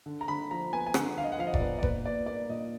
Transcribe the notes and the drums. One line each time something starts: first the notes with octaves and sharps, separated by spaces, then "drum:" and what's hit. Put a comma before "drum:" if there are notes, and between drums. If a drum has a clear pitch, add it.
D3
A#5
D3 B5
F3 A#5
B3 G#5
G#5
D3 F#5, drum: rim click
D3 F5
D#5
F#5
F3 F5
D#5
D5, drum: kick F1
B3
D5
A#2 B4, drum: kick F1
A#2 D5
A#3 D5
A#2 D#5